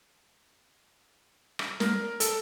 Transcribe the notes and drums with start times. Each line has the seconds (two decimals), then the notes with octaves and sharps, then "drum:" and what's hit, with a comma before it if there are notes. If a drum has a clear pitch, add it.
1.59 drum: rim click
1.80 A#4, drum: snare
2.20 A4, drum: hi-hat